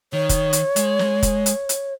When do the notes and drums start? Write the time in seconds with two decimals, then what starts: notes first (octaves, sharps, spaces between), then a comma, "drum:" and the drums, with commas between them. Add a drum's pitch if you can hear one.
0.13 D#3 C#5
0.29 drum: kick F1, hi-hat
0.53 drum: hi-hat
0.76 G#3, drum: hi-hat
0.99 drum: snare
1.23 drum: kick F1, hi-hat
1.46 drum: hi-hat
1.69 drum: hi-hat